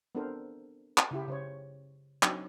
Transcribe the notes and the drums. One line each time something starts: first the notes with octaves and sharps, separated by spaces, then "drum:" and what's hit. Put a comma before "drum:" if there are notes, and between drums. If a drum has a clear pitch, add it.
B3 C4 D4 A4 A#4 C5
drum: clap
C#3 E4 G4
C#3 C5 C#5
F#3 C4 D4 D#4, drum: clap